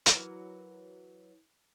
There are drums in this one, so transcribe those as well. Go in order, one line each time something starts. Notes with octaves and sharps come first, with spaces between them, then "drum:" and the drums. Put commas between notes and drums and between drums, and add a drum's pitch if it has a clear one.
E3 F#3 A#4, drum: hi-hat